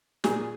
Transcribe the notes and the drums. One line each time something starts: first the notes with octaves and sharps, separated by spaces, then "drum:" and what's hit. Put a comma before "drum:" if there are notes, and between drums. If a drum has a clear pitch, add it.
A#2 G#4, drum: snare